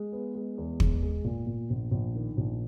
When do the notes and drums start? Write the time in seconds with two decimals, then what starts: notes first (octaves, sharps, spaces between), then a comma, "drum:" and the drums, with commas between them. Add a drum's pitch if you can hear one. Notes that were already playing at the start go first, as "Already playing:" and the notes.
Already playing: G#3
0.12 B3
0.35 G#3
0.58 E2
0.80 G#3, drum: kick
1.03 G#3
1.24 A#2
1.47 A#2
1.70 A#1
1.91 A#1
2.15 D#3
2.37 A#1